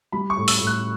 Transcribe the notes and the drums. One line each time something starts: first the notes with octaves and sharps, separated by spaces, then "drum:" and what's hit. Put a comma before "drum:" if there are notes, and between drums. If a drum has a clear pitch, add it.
G3 B5
C#6
A2
E6, drum: open hi-hat
A2
F#6